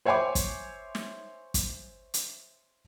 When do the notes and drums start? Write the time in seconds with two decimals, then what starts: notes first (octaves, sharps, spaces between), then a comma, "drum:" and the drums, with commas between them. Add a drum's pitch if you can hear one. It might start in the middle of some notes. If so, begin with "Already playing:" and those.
0.05 C5 C#5 E5 G#5 C6 D6
0.35 drum: kick, hi-hat
0.95 drum: snare
1.54 drum: kick, hi-hat
2.14 drum: hi-hat